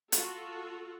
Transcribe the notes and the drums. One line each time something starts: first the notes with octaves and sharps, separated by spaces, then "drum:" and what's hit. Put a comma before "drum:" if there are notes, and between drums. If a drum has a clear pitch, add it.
F4 F#4 A4, drum: hi-hat